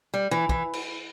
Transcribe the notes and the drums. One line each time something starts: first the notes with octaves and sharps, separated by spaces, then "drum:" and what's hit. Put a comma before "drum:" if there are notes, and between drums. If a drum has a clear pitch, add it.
G3
E3
E3, drum: kick
drum: cymbal